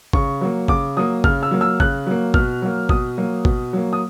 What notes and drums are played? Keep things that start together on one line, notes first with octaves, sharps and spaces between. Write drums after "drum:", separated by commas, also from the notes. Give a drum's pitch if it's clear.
C#3 C#6, drum: kick G#1
F#3 A#3
C#3 D6, drum: kick G#1
F#3 A#3 D#6
C#3 F6, drum: kick G#1
E6
F#3 A#3
E6
C#3 F#6, drum: kick G#1
F#3 A#3
B2 F6, drum: kick G#1
F#3 A#3
B2 D#6, drum: kick G#1
F#3 A#3
B2, drum: kick G#1
F#3 A#3
D#6